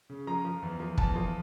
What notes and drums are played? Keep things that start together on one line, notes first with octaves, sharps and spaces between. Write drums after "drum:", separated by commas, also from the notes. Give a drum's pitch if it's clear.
C#3
F3 A#5
F3
E2
F3
E2 A5, drum: kick
F3